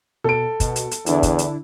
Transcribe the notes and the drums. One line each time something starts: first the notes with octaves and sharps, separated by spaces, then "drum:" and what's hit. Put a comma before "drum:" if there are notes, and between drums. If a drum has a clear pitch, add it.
B2 A4 D7
B2, drum: kick, hi-hat
drum: hi-hat
drum: hi-hat
E2 D3 D4 E4, drum: hi-hat
drum: kick, hi-hat
drum: hi-hat